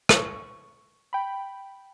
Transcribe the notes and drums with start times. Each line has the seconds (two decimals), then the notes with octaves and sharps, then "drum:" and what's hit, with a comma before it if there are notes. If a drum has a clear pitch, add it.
0.09 C#6, drum: rim click
1.13 G5 B5